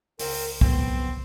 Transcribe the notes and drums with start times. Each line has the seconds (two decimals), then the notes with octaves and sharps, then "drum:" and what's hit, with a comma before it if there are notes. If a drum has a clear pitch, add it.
0.19 C#2 C4 A#4, drum: open hi-hat
0.61 C2 F2 D3 F#3 G#3 B3 C4, drum: kick